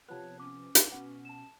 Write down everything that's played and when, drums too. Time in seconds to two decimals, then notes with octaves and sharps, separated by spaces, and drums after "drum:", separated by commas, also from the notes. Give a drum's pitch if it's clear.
0.09 C3 F3 B3 C#5 A5 F#6
0.40 C#4 D6
0.75 drum: hi-hat
0.91 B2 B3 C#4 F#4
1.25 A5 E7